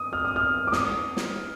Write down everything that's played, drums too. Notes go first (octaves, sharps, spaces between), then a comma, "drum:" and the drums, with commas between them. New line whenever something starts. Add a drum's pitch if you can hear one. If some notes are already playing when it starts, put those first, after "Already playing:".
Already playing: D#6
F6
D#6
F6
D6
D#6, drum: snare
drum: snare